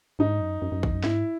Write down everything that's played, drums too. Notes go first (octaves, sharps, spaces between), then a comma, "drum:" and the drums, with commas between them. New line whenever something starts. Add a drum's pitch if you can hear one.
G#2 D#4
F#2
F#2
F#2
E2, drum: kick A#1
F#2
G#2 E4, drum: snare